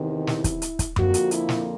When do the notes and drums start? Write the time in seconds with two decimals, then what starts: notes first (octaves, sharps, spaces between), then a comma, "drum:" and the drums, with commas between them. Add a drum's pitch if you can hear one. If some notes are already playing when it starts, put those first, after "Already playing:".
Already playing: E2 C3 D#3
0.27 E4, drum: snare
0.44 drum: kick, hi-hat
0.62 drum: hi-hat
0.79 drum: kick, hi-hat
0.96 F2 D3 F3 A#3 F#4, drum: tom F#2
1.14 drum: hi-hat
1.31 E4, drum: hi-hat
1.49 drum: snare